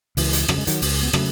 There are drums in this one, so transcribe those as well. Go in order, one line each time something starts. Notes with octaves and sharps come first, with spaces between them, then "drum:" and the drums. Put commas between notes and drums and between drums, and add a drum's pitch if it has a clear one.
C#2 E3, drum: open hi-hat
drum: hi-hat
C#3 F#3, drum: rim click
G#3
D#3 F#3, drum: hi-hat
C#2, drum: open hi-hat
B3
C#3 F#3 A3, drum: rim click